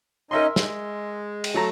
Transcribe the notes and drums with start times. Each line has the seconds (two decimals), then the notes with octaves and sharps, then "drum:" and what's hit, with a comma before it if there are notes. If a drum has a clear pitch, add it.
0.31 C#4 D#4 A#4 D#5 E5 C6
0.56 G#3, drum: snare
1.44 drum: cymbal
1.54 F#3 A3 A#5